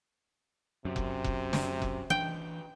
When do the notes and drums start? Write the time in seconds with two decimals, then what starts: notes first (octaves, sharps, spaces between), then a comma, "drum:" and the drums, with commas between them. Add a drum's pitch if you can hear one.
0.85 F#2 C3
0.96 drum: kick F1
1.24 drum: kick F1
1.53 drum: snare
1.82 drum: kick F1
2.10 E3 D4 G5